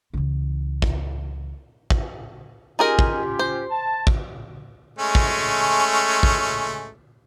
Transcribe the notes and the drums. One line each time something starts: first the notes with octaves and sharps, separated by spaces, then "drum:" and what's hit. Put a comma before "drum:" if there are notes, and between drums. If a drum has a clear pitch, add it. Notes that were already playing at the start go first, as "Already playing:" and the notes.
C#2 E3
drum: kick
drum: kick
C#4 D#4 F4 G4 G#4 A#4
drum: kick
C5
A5
drum: kick
G#3 A3 C#4
drum: kick
drum: kick